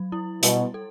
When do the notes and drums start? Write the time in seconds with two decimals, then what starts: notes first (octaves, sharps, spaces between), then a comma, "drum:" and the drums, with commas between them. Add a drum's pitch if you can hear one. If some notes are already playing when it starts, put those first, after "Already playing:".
Already playing: F#3
0.12 E4
0.43 B2 G3, drum: hi-hat
0.74 A4